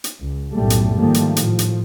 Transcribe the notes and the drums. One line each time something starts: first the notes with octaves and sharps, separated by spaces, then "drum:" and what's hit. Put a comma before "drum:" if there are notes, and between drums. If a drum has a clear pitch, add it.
drum: hi-hat
C#2
B1 F#2 A2 G3 A3
drum: hi-hat
G#2 D#3 F3 G3 A3 A#3
drum: hi-hat
A2 F3, drum: hi-hat
drum: hi-hat